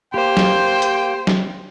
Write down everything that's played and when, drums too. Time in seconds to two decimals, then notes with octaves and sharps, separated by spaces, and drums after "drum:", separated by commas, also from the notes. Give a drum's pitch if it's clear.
0.14 A#3 G4 C5 G5
0.37 drum: snare
0.82 drum: hi-hat
1.27 drum: snare